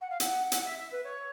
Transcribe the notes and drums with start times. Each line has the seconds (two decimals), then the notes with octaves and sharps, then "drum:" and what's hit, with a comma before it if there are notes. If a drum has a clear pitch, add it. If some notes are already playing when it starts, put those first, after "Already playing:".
0.01 F#5
0.10 F5
0.20 F#5, drum: hi-hat
0.52 F#5, drum: hi-hat
0.65 E5
0.78 E5
0.91 B4
1.04 C#5